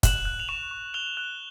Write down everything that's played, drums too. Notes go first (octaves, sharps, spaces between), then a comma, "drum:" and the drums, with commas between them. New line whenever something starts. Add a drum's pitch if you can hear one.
F#6 E7 F#7, drum: kick, hi-hat
F#6
F7
C#6 E7 F#7
C#6
F#6 F7 G7
F#6